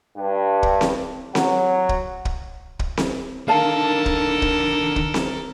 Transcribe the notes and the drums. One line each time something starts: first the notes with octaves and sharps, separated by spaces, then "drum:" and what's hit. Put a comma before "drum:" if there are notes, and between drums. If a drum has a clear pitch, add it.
G2
drum: kick
drum: snare C4
F#3, drum: snare C4
drum: kick
drum: kick
drum: kick
drum: snare C4
D3 D#3 A4 A#4 F5 A5
drum: kick
drum: kick
drum: kick
drum: snare C4